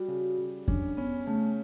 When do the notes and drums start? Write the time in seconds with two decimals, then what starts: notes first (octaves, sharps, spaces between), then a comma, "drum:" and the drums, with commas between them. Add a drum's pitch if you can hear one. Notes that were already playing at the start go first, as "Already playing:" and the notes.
Already playing: G3 F#4
0.08 C#3
0.38 C#3
0.68 C#4 D4, drum: kick F2
0.97 B3 C#4
1.27 C#3 A3